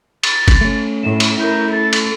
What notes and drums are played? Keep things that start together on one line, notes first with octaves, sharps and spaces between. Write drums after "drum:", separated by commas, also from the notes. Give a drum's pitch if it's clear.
A6, drum: cymbal
drum: kick G1, cymbal
A3 C#4
A2 E7
drum: cymbal
E4 A#4 G6
A4 A6
drum: cymbal